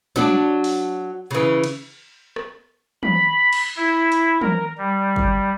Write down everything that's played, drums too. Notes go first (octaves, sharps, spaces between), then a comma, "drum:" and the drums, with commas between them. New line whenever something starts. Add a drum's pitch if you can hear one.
F#3 D4, drum: tom
drum: open hi-hat
C#3 E3
drum: cymbal
drum: rim click
B5, drum: tom
drum: cymbal
E4
drum: hi-hat
A#4, drum: tom
G3
drum: kick